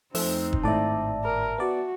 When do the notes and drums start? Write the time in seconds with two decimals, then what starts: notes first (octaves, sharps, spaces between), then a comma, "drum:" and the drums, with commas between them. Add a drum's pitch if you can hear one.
0.15 F2 A3 C4 D#4 C5 E6, drum: open hi-hat
0.53 drum: kick
0.64 G#1 A2 D5 E5 A5
1.24 A#4
1.58 B3 F#4 D5